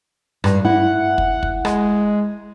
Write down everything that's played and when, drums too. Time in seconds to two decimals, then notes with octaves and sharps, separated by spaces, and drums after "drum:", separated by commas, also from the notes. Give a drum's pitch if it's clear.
0.44 G2, drum: rim click
0.65 E4 F#5
1.18 drum: kick
1.43 drum: kick
1.65 G#3, drum: rim click